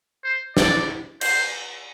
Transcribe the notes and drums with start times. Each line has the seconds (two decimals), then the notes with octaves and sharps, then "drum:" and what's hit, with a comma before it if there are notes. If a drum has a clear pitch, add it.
0.24 C5
0.57 D5, drum: snare
1.21 C5, drum: cymbal